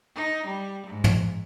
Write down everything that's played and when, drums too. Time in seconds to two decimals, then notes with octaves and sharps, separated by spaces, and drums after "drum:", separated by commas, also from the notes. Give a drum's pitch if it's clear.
0.15 D#4
0.46 G3
0.86 G#2
1.04 drum: tom